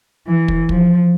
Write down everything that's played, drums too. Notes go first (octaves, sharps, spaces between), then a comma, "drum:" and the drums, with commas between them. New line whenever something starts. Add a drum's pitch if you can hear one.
E3
drum: kick
F3, drum: kick